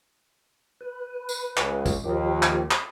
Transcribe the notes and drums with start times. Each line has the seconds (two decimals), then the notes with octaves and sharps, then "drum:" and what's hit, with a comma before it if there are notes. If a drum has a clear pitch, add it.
0.81 B4
1.29 drum: tambourine
1.57 C#2, drum: clap
1.86 drum: kick, tambourine
2.04 D#2 F3 G4
2.42 drum: clap
2.71 drum: clap